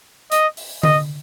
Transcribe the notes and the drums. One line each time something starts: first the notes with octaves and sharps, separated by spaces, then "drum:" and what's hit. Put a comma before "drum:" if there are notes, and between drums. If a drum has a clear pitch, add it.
D#5, drum: hi-hat
drum: open hi-hat
D#5, drum: tom D3